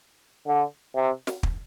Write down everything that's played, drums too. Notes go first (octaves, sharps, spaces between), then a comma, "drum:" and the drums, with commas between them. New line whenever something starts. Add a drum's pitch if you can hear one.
D3
C3
drum: snare
drum: kick